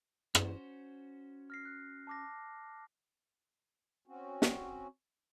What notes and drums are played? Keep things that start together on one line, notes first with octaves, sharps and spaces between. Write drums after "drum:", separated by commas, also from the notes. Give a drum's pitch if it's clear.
C#4 F#4 C5, drum: rim click
F6 A#6 C7
F#6
A5 D6 A#6
C4 C#4 F#4
drum: snare